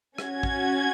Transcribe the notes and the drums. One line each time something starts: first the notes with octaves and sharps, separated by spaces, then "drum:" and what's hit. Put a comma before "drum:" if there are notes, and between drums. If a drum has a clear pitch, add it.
C#4 F#4 G#6, drum: rim click
drum: kick